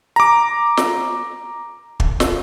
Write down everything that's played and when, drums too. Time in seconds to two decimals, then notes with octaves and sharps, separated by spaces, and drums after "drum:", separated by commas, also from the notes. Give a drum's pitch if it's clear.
0.16 A#5 D6
0.77 drum: snare
2.00 drum: kick
2.20 drum: snare